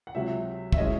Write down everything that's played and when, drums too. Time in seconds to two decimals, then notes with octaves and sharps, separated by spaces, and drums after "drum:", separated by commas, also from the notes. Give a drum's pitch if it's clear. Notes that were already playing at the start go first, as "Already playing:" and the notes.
0.07 F#5
0.15 C#2 C3 F#3 E5
0.72 E5, drum: kick
0.77 A2 G#3 C#4 D#5